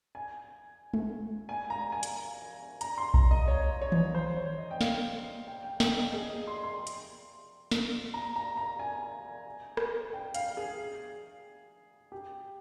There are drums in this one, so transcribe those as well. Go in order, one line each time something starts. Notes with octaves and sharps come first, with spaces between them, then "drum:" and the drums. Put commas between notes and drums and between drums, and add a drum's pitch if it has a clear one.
G#5
drum: tom G#3
G#5
A#5
G#5
drum: hi-hat
A#5, drum: hi-hat
C6
A#5, drum: kick B1
D#5
C#5
C#5
drum: tom D#3
C5
C#5
D#5
G5
F5, drum: snare
G5
G5
G5, drum: snare
D#5
G#4
D#5
C6
C6
drum: hi-hat
drum: snare
A#5
A#5
A#5
G#5
drum: rim click
G5
F5, drum: hi-hat
G#4
G4